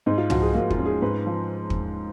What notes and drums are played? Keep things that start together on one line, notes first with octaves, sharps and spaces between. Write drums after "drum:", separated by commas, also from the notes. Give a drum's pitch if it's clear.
G#2 D#4
F4
F3 F#4, drum: tom C2
G#4
A#3 F#4
F4, drum: kick
C#4
G#4
G#2 B4
F3
drum: kick